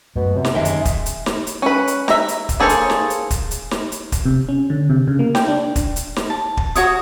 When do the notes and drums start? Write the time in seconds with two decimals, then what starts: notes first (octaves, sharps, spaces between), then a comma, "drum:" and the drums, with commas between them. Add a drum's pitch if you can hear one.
0.16 F#2 B2 A3
0.35 F#2 C3
0.45 drum: snare
0.55 G1 F#2 D#3 G#3 G#4 E5 G5
0.65 drum: hi-hat
0.85 drum: kick, hi-hat
1.06 drum: hi-hat
1.26 drum: snare
1.47 drum: hi-hat
1.62 C#4 B4
1.88 drum: hi-hat
2.08 E5 A#5, drum: snare
2.28 drum: hi-hat
2.49 drum: kick, hi-hat
2.60 A#3 G#4 A4 C5 C#5
2.69 drum: hi-hat
2.90 drum: snare
3.10 drum: hi-hat
3.30 drum: kick, hi-hat
3.51 drum: hi-hat
3.71 drum: snare
3.92 drum: hi-hat
4.12 drum: kick, hi-hat
4.25 C3
4.49 C#4
4.70 D3
4.89 C3
5.08 C#3
5.19 A#3
5.35 G5, drum: snare
5.48 D4
5.76 drum: kick, hi-hat
5.96 drum: hi-hat
6.16 drum: snare
6.30 A5
6.57 drum: kick
6.75 F#4 C#5 D#6, drum: hi-hat